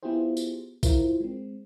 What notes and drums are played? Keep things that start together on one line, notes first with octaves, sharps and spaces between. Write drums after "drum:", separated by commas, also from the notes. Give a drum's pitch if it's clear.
B3 E4 F4 G4 G#4 C5
drum: tambourine
E4 F4 A#4 C5, drum: kick A#1, tambourine
G#3 C4